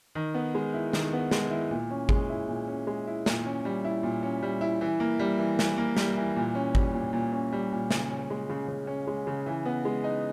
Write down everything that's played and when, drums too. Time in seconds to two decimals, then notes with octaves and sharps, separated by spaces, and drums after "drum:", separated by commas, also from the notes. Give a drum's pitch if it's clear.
0.15 D#3
0.34 B3
0.55 G#3
0.74 E4
0.93 D#3, drum: snare
1.13 B3
1.31 G#3, drum: snare
1.51 E4
1.71 A#2
1.91 C#4
2.09 G#3, drum: kick G#1
2.29 E4
2.49 A#2
2.68 C#4
2.87 G#3
3.07 E4
3.26 A#2, drum: snare
3.46 C#4
3.65 G3
3.84 E4
4.03 A#2
4.23 C#4
4.42 G3
4.61 E4
4.81 E3
5.00 A#3
5.19 G3
5.39 E3
5.59 E3, drum: snare
5.78 A#3
5.97 G3, drum: snare
6.17 E3
6.36 A#2
6.55 C#4
6.75 G3, drum: kick G#1
6.93 A#2
7.13 A#2
7.33 C#4
7.52 G3
7.72 A#2
7.91 C#3, drum: snare
8.10 C#4
8.30 G#3
8.50 C#3
8.68 C#3
8.87 C#4
9.07 G#3
9.27 C#3
9.46 E3
9.66 B3
9.85 G#3
10.04 D#4